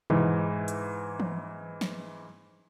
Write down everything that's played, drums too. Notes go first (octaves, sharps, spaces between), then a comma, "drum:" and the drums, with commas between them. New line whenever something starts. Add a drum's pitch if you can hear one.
G#2 E3, drum: tom B2
drum: hi-hat
drum: tom E3
drum: snare